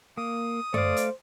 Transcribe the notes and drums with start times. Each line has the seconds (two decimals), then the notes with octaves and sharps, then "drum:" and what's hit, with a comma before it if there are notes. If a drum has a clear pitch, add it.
0.17 A#3 D#6
0.74 A3 C5 D5 F5, drum: tom F#2
0.97 drum: hi-hat